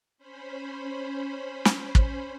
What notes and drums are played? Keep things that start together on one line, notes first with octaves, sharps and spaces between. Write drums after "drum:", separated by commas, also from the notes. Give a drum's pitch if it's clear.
C#4 C5 B5
drum: snare
drum: kick